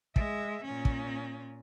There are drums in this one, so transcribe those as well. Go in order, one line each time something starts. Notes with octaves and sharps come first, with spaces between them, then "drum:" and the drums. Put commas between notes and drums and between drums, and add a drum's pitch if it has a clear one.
G#3 E5, drum: kick
A#2 C#4
drum: kick